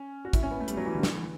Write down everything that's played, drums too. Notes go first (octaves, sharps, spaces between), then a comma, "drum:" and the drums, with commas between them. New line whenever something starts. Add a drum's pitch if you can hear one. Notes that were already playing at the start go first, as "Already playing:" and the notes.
Already playing: C#4
F#4
E4, drum: kick, hi-hat
C#4
B3
A3
G3, drum: hi-hat
F#3
E3
D3
E3, drum: snare